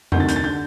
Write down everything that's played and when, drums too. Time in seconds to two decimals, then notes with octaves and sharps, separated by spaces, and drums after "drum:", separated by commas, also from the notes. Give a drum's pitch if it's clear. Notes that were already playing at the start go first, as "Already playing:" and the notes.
0.12 D2 C3 D#3 G6, drum: tom F2
0.20 A6
0.29 G6, drum: hi-hat
0.36 A6
0.44 D3 G6